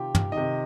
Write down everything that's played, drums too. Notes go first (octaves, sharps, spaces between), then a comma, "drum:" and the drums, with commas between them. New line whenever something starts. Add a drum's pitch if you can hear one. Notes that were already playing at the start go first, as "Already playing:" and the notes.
Already playing: C3 D#3 F4 G4
drum: tom
D#3 D#5
C3